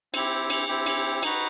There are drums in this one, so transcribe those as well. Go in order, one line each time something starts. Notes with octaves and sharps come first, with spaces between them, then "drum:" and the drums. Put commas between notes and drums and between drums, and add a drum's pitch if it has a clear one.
C4 E4 G4, drum: cymbal
drum: cymbal
C4 E4 G4
drum: cymbal
D#4 F#4 B4, drum: cymbal